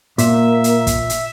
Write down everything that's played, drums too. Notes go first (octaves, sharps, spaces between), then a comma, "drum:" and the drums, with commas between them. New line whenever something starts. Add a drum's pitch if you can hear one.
A#2 A#3 E5, drum: hi-hat
drum: hi-hat
drum: kick, hi-hat
drum: hi-hat